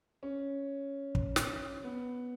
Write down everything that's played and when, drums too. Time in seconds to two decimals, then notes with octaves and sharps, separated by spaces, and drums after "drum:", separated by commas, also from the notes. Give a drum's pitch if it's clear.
0.23 C#4
1.15 drum: kick
1.36 drum: snare
1.84 B3